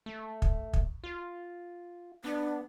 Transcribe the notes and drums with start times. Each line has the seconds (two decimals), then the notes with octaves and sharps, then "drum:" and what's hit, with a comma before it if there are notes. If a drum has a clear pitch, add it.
0.06 A3
0.42 drum: kick
0.73 drum: kick
1.03 F4
2.24 B3 D4